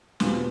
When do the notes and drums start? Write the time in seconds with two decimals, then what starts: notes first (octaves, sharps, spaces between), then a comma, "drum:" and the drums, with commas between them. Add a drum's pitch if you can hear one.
0.20 E2 B2 G3 C4 F4, drum: snare